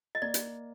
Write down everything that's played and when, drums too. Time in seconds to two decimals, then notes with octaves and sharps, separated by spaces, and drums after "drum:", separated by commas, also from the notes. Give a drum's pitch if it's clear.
0.15 D#5
0.22 A#3 D5
0.34 drum: hi-hat